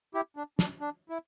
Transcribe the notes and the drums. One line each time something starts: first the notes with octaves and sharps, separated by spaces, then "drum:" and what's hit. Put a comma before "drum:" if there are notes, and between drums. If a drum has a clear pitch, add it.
E4 G4
D4
D4, drum: snare
D4
E4